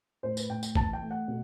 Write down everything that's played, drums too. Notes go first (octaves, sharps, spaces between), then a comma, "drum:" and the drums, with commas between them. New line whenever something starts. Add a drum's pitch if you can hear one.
A2 C5
B4, drum: tambourine
A2 G5
G5, drum: tambourine
E3 A5, drum: kick
G5
A3
F#5
B2